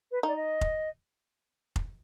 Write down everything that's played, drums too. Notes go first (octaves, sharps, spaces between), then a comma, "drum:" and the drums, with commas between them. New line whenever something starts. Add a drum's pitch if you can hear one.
B4
D#4 D5
D#5
drum: kick F1
drum: kick F1